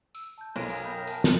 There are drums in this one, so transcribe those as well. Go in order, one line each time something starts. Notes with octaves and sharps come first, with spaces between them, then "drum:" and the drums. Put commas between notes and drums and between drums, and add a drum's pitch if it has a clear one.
E6, drum: tambourine
A5 G6
B1 F2 A#4 G#5 A#6 D7 D#7
drum: tambourine
F#2 A#4 G5 B5 D#6 A#6
G#5 A5, drum: tambourine
drum: snare